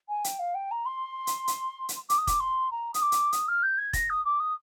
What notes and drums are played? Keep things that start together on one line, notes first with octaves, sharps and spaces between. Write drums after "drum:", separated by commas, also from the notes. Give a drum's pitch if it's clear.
G#5
G5, drum: hi-hat
F5
G5
A#5
C6
drum: hi-hat
drum: hi-hat
drum: hi-hat
D6, drum: hi-hat
D#6
D6, drum: kick, hi-hat
C6
A#5
D#6, drum: hi-hat
D6
drum: hi-hat
D#6, drum: hi-hat
F6
G6
G#6
A#6, drum: kick, hi-hat
D#6
D6
D#6